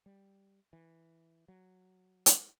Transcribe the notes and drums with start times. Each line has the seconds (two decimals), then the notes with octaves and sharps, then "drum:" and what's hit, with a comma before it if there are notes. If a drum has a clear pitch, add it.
0.06 G3
0.73 E3
1.48 F#3
2.26 drum: hi-hat